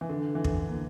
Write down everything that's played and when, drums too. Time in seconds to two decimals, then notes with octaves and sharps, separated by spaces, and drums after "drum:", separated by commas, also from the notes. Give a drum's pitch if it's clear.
0.01 E3
0.09 D3
0.35 E3
0.44 D3, drum: kick
0.56 D3
0.68 A#3